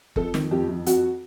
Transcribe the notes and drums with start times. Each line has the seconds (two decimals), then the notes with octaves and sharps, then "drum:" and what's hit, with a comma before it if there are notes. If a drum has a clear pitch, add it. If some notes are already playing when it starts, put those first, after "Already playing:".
0.16 F2 A4, drum: kick F#1
0.34 D#3, drum: snare
0.51 F2 G4
0.69 F2
0.86 F2 F#4, drum: hi-hat